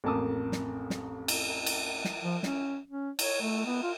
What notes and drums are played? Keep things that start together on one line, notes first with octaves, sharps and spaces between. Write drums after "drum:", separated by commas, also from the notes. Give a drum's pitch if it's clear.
A1 F2 A#3 A5 D6 D#6
drum: snare
drum: snare
drum: cymbal
drum: cymbal
drum: snare
F3
C#4, drum: snare
C#4
C#5, drum: cymbal
A3
B3
F4